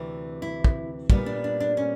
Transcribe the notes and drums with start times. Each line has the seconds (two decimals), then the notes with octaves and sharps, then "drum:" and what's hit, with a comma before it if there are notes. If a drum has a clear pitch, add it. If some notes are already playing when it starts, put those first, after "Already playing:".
Already playing: D2 C3 E3
0.42 E4
0.64 drum: kick
1.10 A#2 G3 B3 D#4, drum: kick
1.26 D4
1.44 D4
1.60 D4
1.77 C#4